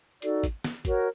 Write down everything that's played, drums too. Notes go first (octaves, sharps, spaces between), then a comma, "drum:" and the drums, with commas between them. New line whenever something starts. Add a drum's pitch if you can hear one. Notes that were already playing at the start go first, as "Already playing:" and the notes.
D#4 F#4 A4 D5, drum: hi-hat
drum: kick G#1, hi-hat
drum: snare
F#4 A#4 C#5, drum: kick G#1, hi-hat